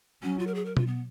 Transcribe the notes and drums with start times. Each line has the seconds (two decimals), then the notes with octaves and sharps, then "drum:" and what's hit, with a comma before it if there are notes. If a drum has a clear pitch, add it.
0.23 F#3 C#4
0.39 F4
0.47 A#4
0.55 G#4
0.66 A#4
0.77 F4, drum: tom B2
0.87 B3